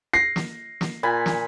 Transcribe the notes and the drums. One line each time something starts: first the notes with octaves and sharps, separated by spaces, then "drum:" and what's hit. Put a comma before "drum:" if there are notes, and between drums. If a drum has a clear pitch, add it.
A#6 C7
drum: snare
drum: snare
A#2 G#5 B5
drum: snare